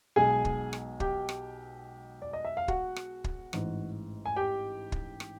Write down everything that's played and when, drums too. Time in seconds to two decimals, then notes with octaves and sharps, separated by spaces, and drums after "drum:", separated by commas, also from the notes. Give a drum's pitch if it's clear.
0.16 B1 B2 G#3 G#4 G#5
0.45 drum: kick
0.73 drum: rim click
1.00 G4 G5, drum: kick
1.29 drum: rim click
2.22 D5
2.33 D#5
2.45 E5
2.57 F5
2.68 F#4 F#5, drum: kick
2.96 drum: rim click
3.24 drum: kick
3.53 A1 G#2 E3, drum: rim click
4.26 G#5
4.36 G4 G5
4.92 drum: kick
5.20 drum: rim click